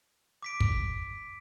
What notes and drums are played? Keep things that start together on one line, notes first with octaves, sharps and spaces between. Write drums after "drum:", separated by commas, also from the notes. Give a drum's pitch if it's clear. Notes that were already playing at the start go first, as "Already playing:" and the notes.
D6 B6 D7
drum: kick